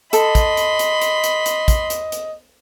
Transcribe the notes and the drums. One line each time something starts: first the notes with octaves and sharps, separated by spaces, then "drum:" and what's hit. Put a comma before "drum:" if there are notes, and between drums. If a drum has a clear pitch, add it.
A4 D#5 B5 C6, drum: hi-hat
drum: kick, hi-hat
drum: hi-hat
drum: hi-hat
drum: hi-hat
drum: hi-hat
drum: hi-hat
drum: kick, hi-hat
drum: hi-hat
drum: hi-hat